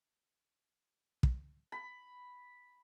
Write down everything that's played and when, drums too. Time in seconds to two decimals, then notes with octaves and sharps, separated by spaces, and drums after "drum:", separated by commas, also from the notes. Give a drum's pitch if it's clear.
1.23 drum: kick
1.72 B5